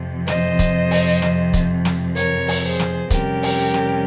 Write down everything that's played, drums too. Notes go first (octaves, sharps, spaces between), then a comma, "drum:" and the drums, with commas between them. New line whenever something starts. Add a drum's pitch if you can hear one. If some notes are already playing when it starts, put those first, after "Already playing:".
Already playing: F2 C3 F3
C5 D#5, drum: snare
drum: kick, hi-hat
drum: open hi-hat
drum: snare
drum: kick, hi-hat
drum: snare
A#4 C#5, drum: hi-hat
drum: open hi-hat
G#4 C5
drum: snare
F2 C3 G3 C#4 G4 A#4, drum: kick, hi-hat
drum: open hi-hat
drum: snare